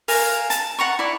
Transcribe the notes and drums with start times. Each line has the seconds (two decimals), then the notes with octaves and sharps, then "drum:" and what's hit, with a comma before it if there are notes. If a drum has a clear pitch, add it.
0.08 A#4 F5 G#5, drum: open hi-hat
0.50 A5, drum: hi-hat
0.79 F#5 A#5 C#6
0.99 E4 D5